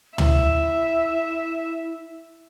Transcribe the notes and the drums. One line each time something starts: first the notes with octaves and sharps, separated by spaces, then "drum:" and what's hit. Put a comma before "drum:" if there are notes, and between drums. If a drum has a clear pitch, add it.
E4 E5, drum: tom